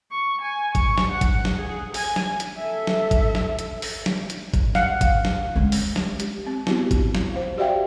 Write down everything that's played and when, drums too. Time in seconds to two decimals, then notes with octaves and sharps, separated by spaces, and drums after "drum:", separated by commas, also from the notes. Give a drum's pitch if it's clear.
0.11 C#6
0.41 G#5
0.75 C#6, drum: kick G#1, hi-hat
0.98 drum: snare
1.12 F#5
1.21 drum: kick G#1, hi-hat
1.45 drum: snare
1.56 G#4
1.94 G#5, drum: open hi-hat
2.16 drum: snare
2.40 drum: hi-hat
2.58 A4 E5
2.87 drum: snare
3.11 drum: kick G#1, hi-hat
3.35 drum: snare
3.59 drum: hi-hat
3.82 drum: open hi-hat
4.06 drum: snare
4.30 drum: hi-hat
4.54 drum: kick G#1, hi-hat
4.75 F5 F#5, drum: snare
5.01 drum: kick G#1, hi-hat
5.25 drum: snare
5.56 G#3 C#4
5.72 drum: open hi-hat
5.96 drum: snare
6.20 G4, drum: hi-hat
6.46 C4
6.67 B3 E4 F#4 G4, drum: snare
6.91 drum: kick G#1, hi-hat
7.15 drum: snare
7.32 C5 F5
7.57 F#4 G4 D5 E5 F5 G5